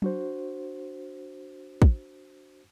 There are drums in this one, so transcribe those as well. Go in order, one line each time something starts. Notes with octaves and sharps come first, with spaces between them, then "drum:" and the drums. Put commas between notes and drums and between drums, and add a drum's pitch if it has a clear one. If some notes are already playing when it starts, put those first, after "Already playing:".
D4 F#4 C5, drum: tom F#3
drum: kick